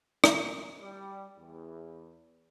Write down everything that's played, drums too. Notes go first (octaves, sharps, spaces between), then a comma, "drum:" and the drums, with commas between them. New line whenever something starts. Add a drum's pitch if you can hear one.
F#2, drum: rim click
G3
E2